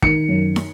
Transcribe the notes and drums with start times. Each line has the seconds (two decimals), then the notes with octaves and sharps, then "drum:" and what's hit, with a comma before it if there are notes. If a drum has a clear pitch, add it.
0.02 D#3 C#7, drum: kick
0.29 F#2
0.56 drum: snare